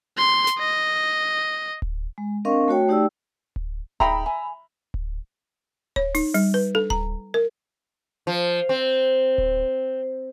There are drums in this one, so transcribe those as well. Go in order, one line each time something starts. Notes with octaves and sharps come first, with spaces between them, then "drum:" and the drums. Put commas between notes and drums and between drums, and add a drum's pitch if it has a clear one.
C6
drum: snare
D#5
drum: kick D1
G#3
C4 D4 A#4 D#5 F5 C#6
A3 F#4 C#5 G5
A3 D#4 G4 D5 G5 E6
drum: kick D1
D#4 G#4 E5 G5 A#5 B5, drum: kick D1
G#5
drum: kick D1
C#5, drum: kick D1
D#4, drum: open hi-hat
G3, drum: open hi-hat
B4
A4, drum: tom D4
A#5, drum: kick D1
A#4
F3
C4
drum: kick D1